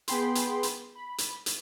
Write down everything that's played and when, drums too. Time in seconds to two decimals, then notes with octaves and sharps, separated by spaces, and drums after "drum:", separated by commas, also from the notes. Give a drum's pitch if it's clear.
0.08 B3 G#4 G5 B5 C6, drum: hi-hat
0.35 drum: hi-hat
0.63 drum: hi-hat
0.95 B5
1.18 drum: hi-hat
1.46 drum: hi-hat